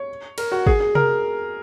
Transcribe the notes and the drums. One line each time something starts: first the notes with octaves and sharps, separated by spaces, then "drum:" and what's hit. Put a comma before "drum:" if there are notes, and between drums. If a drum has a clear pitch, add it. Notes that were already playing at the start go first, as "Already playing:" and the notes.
Already playing: C#5
A#4, drum: cymbal
F#4
G#4, drum: kick
G#4
A#4, drum: tom C3